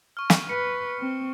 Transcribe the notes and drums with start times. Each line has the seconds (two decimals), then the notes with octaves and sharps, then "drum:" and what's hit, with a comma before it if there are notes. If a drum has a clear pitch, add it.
0.17 C#6 F6
0.30 drum: snare
0.49 B4 C#7
1.00 C4